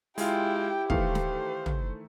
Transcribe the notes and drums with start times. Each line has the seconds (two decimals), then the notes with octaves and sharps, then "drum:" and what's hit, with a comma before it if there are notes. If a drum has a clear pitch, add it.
0.18 G#3 E4 F4 G4 G5, drum: open hi-hat
0.90 D#3 E3 A3 C5 F5, drum: kick
1.15 drum: snare
1.66 drum: tom